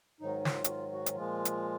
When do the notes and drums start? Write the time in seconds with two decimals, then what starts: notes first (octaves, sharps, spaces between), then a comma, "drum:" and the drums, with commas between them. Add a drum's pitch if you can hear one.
0.21 G#2 D#3 F#3 D#4
0.40 D#4
0.45 F4, drum: snare
0.64 F#4, drum: hi-hat
0.68 F4
0.92 F#4
1.06 drum: hi-hat
1.16 A#2 F3 G#3 F4
1.45 drum: hi-hat